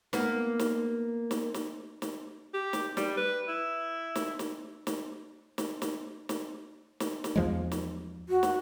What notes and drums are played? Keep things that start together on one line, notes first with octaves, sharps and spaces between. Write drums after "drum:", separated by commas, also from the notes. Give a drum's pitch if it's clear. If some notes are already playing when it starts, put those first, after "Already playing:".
A#3 B3, drum: snare
drum: snare
drum: snare
drum: snare
drum: snare
G4
drum: snare
G3, drum: snare
B4
E4
drum: snare
drum: snare
drum: snare
drum: snare
drum: snare
drum: snare
drum: snare
drum: snare
E2 F3 G#3
drum: snare
F#4
drum: snare